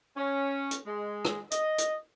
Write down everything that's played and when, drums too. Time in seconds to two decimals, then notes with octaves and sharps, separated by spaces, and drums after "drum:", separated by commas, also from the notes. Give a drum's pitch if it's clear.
0.17 C#4
0.71 drum: hi-hat
0.86 G#3
1.25 drum: rim click
1.51 D#5, drum: hi-hat
1.78 drum: hi-hat